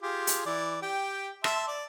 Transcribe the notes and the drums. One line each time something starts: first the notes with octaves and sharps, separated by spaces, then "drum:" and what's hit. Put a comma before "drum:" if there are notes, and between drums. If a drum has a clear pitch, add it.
F4 G4 G#4
drum: hi-hat
E3 D5
G4 G5
E5 A5 C6, drum: rim click
D5